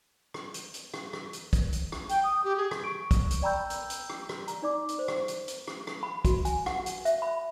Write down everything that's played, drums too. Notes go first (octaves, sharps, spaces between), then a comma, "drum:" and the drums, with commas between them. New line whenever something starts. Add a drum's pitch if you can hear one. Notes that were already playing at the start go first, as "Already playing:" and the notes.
drum: rim click
drum: hi-hat
drum: hi-hat
drum: rim click
drum: rim click
drum: hi-hat
drum: kick, hi-hat
drum: hi-hat
drum: rim click
G5, drum: hi-hat
D#6
G4
G#4
drum: rim click
C#6 D7
drum: kick, hi-hat
drum: hi-hat
D5 G5 A#5 B5 E6 G6
drum: hi-hat
drum: hi-hat
drum: rim click
drum: rim click
A#5, drum: hi-hat
D#4 D5 D6
drum: hi-hat
C5
drum: rim click
drum: hi-hat
drum: hi-hat
drum: rim click
drum: rim click
B5
F#4, drum: kick, hi-hat
G#5, drum: hi-hat
F#5, drum: rim click
drum: hi-hat
E5, drum: hi-hat
B5